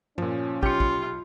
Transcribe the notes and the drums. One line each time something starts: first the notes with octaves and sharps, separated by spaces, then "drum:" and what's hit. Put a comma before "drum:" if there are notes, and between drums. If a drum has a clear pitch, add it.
A#2 F3 C#4, drum: tom G2
B1 F4 G4 C#7, drum: kick
drum: kick